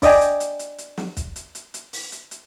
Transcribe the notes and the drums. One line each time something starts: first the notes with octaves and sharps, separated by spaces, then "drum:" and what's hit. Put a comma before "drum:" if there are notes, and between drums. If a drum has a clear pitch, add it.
D4 D5 D#5 G5 G#5, drum: kick, open hi-hat
drum: hi-hat
drum: hi-hat
drum: hi-hat
drum: hi-hat
drum: snare
drum: kick, hi-hat
drum: hi-hat
drum: hi-hat
drum: hi-hat
drum: open hi-hat
drum: hi-hat
drum: hi-hat